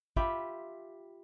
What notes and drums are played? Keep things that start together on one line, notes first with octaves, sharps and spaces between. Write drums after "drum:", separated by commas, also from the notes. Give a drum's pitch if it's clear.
F4 G4 E5 B5, drum: kick